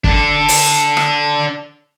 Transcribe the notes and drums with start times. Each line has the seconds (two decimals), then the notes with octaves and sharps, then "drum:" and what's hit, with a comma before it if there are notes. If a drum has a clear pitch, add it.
0.04 D4 A4, drum: kick
0.48 drum: open hi-hat
0.97 drum: rim click